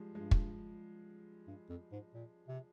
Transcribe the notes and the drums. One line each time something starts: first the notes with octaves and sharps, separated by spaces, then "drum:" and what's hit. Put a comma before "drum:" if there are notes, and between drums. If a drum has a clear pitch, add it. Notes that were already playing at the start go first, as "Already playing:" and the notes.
Already playing: F3 G3 G#3
G2 F3 G#3
drum: kick
G2
F2
G#2
A#2
C3